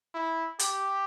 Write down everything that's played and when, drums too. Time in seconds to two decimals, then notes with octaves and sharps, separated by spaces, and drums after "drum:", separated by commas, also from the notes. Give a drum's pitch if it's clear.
0.14 E4
0.59 G4, drum: hi-hat